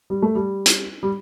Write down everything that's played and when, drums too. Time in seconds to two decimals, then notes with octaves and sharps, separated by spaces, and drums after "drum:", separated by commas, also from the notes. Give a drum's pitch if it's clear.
0.10 G3
0.22 A3
0.35 G3
0.66 drum: hi-hat
1.03 G3